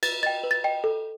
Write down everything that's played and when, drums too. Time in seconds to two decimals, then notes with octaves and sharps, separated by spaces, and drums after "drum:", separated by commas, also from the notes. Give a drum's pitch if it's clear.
0.03 B4 A6, drum: cymbal
0.23 D#5 G5 A6
0.43 B4
0.51 A6
0.64 D#5 G5
0.84 A4